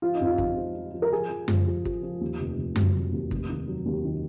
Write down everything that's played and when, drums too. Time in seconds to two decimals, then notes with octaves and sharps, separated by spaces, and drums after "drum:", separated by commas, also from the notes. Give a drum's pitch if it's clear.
0.02 F3 F4
0.14 D#4
0.21 F2 F4
0.38 F2, drum: kick
0.57 F3
0.76 F3
0.94 F3
1.02 A#4
1.12 F3 G#4
1.30 F3
1.48 F3, drum: tom F#2
1.67 F3
1.85 F3, drum: kick
2.03 F3
2.21 D#2
2.40 F1
2.58 F1
2.76 F#3, drum: tom F#2
2.95 F1
3.12 D#2
3.31 F1, drum: kick
3.49 D#3
3.68 F#3
3.86 D#2
4.05 D#3